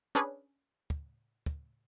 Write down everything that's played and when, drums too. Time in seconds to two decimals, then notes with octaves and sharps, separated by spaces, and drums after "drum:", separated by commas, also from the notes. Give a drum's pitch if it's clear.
0.15 C#4 D4 G#4 B4
0.90 drum: kick
1.46 drum: kick